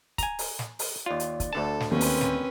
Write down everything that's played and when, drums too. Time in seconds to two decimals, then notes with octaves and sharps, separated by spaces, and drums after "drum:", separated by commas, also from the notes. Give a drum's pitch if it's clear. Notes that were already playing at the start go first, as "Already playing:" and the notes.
0.18 G#5 A#5, drum: kick, hi-hat
0.39 drum: open hi-hat
0.59 drum: snare
0.79 drum: open hi-hat
1.06 D#2 F4 D5
1.20 drum: hi-hat
1.40 drum: kick, hi-hat
1.53 D2 D3 A4 A5
1.80 drum: snare
1.91 D#2 A#3 C4 C#4 B4
2.01 drum: open hi-hat
2.21 drum: snare